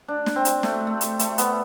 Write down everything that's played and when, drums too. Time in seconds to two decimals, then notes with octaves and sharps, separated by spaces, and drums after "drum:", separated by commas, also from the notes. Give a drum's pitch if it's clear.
0.08 D4
0.26 drum: snare
0.36 C4
0.45 drum: hi-hat
0.63 A3, drum: snare
0.87 A3
1.01 drum: hi-hat
1.19 A3, drum: hi-hat
1.38 B3, drum: hi-hat